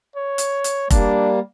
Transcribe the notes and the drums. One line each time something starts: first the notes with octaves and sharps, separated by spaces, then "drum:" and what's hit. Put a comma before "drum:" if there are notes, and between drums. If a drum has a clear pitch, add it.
C#5
drum: hi-hat
drum: hi-hat
G3 A#3 D4, drum: kick F1, hi-hat